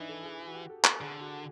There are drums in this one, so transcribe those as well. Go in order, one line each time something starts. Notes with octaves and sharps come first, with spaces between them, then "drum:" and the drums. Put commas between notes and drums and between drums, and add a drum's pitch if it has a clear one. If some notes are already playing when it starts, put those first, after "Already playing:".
Already playing: E3 D4 D#4
A4
G#4
G#4
F#4
G4
A4
A4, drum: clap
D3 G#4
F#4